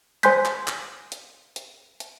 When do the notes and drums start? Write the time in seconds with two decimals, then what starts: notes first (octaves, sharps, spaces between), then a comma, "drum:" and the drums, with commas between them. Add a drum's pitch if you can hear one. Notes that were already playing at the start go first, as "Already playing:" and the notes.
0.23 C5 G#5 C6 F#6 G6 B6, drum: hi-hat
0.45 drum: clap
0.68 drum: clap
1.12 drum: hi-hat
1.56 drum: hi-hat
2.00 drum: hi-hat